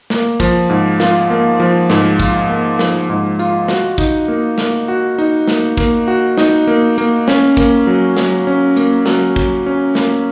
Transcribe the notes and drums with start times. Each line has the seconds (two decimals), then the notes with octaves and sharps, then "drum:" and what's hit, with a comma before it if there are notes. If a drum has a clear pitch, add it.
0.10 A#3, drum: snare
0.40 F3, drum: kick, hi-hat
0.70 G#2
1.00 F4, drum: snare
1.30 A#3
1.60 F3
1.90 G#2, drum: snare
2.20 F4, drum: kick, hi-hat
2.49 A#3
2.79 F3, drum: snare
3.10 G#2
3.39 F4, drum: hi-hat
3.68 F#4, drum: snare
3.98 D#4, drum: kick, hi-hat
4.28 A#3
4.58 A#3, drum: snare
4.88 F#4
5.18 D#4, drum: hi-hat
5.47 A#3, drum: snare
5.77 A#3, drum: kick
6.08 F#4
6.37 D#4, drum: snare
6.67 A#3
6.98 A#3, drum: hi-hat
7.28 C#4, drum: snare
7.57 A#3, drum: kick, hi-hat
7.87 F#3
8.17 F#3, drum: snare
8.47 C#4
8.76 A#3, drum: hi-hat
9.06 F#3, drum: snare
9.36 F#3, drum: kick, hi-hat
9.66 C#4
9.95 A#3, drum: snare